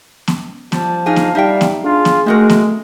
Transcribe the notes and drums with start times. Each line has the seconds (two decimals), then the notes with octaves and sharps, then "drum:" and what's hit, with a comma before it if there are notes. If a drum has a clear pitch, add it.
0.28 drum: snare B3
0.72 F3 G3 A5, drum: snare B3
1.06 F2 D#4 G#4 F5
1.16 drum: snare B3
1.35 G3 D#4 E5 G5
1.61 drum: snare B3
1.84 D4 F4 G#4
2.05 drum: snare B3
2.26 G#3 A3 C4 F#4 A#4
2.50 drum: snare B3